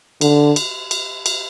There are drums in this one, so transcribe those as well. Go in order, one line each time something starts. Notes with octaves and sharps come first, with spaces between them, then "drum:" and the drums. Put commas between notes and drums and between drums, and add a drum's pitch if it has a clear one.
D3, drum: cymbal
drum: cymbal
drum: cymbal
drum: cymbal